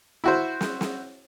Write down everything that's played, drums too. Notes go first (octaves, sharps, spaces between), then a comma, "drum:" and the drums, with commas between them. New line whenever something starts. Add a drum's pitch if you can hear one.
E4 F#4 C5
drum: snare
drum: snare